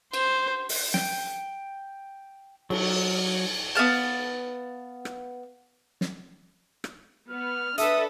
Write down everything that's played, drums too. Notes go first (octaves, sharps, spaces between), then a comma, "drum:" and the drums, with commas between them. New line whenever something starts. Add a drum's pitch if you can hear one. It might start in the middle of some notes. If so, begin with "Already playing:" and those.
C5, drum: cymbal
drum: open hi-hat
G5, drum: snare
F#3, drum: cymbal
B3 D#4 F5 A5
drum: rim click
drum: snare
drum: rim click
B3 F6
D4 A4 B4 E5 D#6, drum: hi-hat